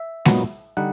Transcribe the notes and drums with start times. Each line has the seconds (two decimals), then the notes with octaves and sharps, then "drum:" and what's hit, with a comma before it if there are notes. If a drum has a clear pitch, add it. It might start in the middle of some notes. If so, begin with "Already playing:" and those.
Already playing: E5
0.25 A#2 F#3 B3 D#4, drum: snare G#3
0.77 D3 G3 D#4 F#5